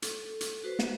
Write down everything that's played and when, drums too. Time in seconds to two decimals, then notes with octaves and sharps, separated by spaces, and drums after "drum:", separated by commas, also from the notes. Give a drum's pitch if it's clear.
0.02 A4, drum: hi-hat
0.41 drum: hi-hat
0.64 F#4 B4 C5
0.79 drum: snare